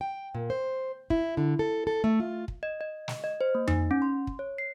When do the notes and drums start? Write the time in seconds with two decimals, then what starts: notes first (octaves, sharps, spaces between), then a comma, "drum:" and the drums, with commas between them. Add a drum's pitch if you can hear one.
0.01 G5
0.34 A#2
0.50 C5
1.10 E4, drum: kick
1.37 D3
1.59 A4
1.87 A4
2.04 A3
2.20 F4
2.48 drum: kick
2.63 D#5
2.81 D#5
3.08 drum: snare
3.24 D#5
3.41 C5
3.55 A#3
3.68 D#4, drum: tom F2
3.91 C#4
4.02 C6
4.27 drum: kick
4.39 C#5
4.58 C7